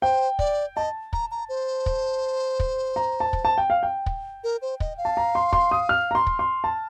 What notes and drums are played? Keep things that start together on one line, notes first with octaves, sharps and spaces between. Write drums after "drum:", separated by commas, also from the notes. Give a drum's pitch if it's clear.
C5 G5
D5, drum: kick
D#5 A5
A#5, drum: kick
A#5
C5
drum: kick
drum: kick
A#5
A5
drum: kick
A5
G5
F5
G5
drum: kick
A#4
C5
D#5, drum: kick
F5
A5
A#5
C6
C6, drum: kick
D#6
F6
A#5
C6
drum: kick
C6
A5